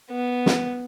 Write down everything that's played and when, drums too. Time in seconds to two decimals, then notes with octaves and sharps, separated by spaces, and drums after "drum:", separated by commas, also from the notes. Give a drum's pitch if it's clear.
0.11 B3
0.46 drum: snare